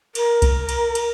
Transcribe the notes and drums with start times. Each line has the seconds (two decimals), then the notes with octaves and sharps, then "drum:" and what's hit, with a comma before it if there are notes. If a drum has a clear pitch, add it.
0.15 A#4, drum: cymbal
0.42 drum: kick C2, cymbal
0.69 drum: cymbal
0.95 drum: cymbal